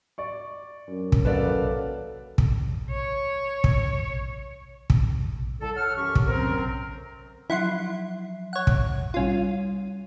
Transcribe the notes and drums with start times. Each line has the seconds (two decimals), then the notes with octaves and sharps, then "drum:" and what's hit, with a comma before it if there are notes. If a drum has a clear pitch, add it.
0.18 D5 C#6
0.88 F#2
1.12 drum: kick
1.25 D#2 A4 B4 D5 F5 F#5
2.38 drum: kick
2.91 C#5
3.64 drum: kick
4.90 drum: kick
5.61 C2 A4
5.76 A4 C#5 F#5 F6
5.96 F#2 E3 G4 C#6
6.15 drum: kick
6.26 F#2 D3 F#3 C4 A#4
7.50 F3 F#3 E4 E5 F#5 C6
8.53 C#5 F#5
8.67 drum: kick
9.14 G3 C#4 F4 D#7